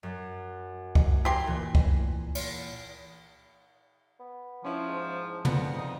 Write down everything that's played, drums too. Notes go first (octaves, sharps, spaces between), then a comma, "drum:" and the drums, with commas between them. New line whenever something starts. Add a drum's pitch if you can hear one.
F#2
drum: kick C2
G4 G#5 A#5 C6 G#6
A#2 E3
drum: kick C2
drum: cymbal
B3
F3 C#4 E4
G#2
F2 D3 B3, drum: tom
D#4